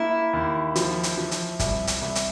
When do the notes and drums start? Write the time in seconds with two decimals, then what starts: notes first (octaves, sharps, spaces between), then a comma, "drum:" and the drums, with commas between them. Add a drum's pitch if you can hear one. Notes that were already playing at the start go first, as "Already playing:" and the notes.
Already playing: A#3 E4
0.33 D#2
0.76 F3, drum: hi-hat
1.03 drum: hi-hat
1.18 F3
1.31 drum: hi-hat
1.59 C2, drum: kick, hi-hat
1.87 drum: hi-hat
2.02 C2
2.15 drum: hi-hat